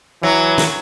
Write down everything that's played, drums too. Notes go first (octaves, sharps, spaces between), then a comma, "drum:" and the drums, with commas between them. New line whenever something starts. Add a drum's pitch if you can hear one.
E3 F#3
drum: snare